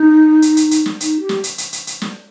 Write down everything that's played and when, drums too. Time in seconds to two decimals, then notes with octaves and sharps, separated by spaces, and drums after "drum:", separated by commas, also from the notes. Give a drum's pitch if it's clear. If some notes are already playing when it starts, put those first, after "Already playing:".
Already playing: D#4
0.42 drum: hi-hat
0.57 drum: hi-hat
0.71 drum: hi-hat
0.86 drum: snare
1.00 D#4, drum: hi-hat
1.20 G4
1.29 drum: snare
1.44 drum: hi-hat
1.58 drum: hi-hat
1.73 drum: hi-hat
1.87 drum: hi-hat
2.01 drum: snare